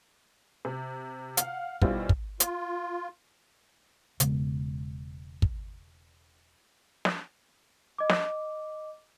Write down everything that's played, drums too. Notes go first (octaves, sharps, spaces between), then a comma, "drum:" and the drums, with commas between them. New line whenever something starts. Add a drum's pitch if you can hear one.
C3
F5 F#5, drum: hi-hat
B1 B2 G3 E4 F4 C5, drum: kick
drum: kick
F4, drum: hi-hat
E1 C#3 G#3 B3, drum: hi-hat
drum: kick
drum: snare
D#5 D6
drum: snare